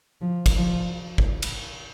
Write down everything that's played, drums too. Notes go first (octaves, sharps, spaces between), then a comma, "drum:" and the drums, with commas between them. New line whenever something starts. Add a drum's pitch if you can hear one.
F3
drum: kick, cymbal
F3
drum: kick
drum: cymbal